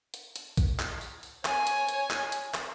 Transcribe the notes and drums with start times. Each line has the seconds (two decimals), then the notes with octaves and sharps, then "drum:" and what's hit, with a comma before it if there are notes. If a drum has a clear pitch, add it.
0.14 drum: hi-hat
0.36 drum: hi-hat
0.57 drum: kick, hi-hat
0.79 drum: clap
1.01 drum: open hi-hat
1.23 drum: open hi-hat
1.45 C#5 G#5, drum: clap
1.67 drum: hi-hat
1.89 drum: hi-hat
2.10 drum: clap
2.32 drum: hi-hat
2.54 drum: clap